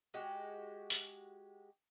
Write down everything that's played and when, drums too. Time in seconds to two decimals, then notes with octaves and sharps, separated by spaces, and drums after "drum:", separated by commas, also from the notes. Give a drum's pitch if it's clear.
0.14 G#3 F#4 G4
0.90 drum: open hi-hat